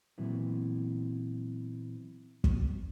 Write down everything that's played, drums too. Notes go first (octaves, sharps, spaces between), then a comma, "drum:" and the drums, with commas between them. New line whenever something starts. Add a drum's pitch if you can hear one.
A#2 E3 F#3 B3 C4 E4
drum: kick